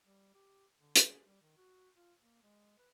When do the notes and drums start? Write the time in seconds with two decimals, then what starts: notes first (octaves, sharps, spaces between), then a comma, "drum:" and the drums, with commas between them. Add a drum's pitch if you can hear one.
0.06 G3
0.34 G4
0.79 D3
0.96 drum: hi-hat
1.09 G#4
1.26 G3
1.42 D#3
1.57 F#4
1.96 F4
2.21 A#3
2.43 G#3
2.78 B4